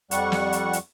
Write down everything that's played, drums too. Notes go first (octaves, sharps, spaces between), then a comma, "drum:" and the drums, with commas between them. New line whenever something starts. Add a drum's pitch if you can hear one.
F2 G3 F#5 C#6, drum: hi-hat
drum: snare
drum: hi-hat
drum: hi-hat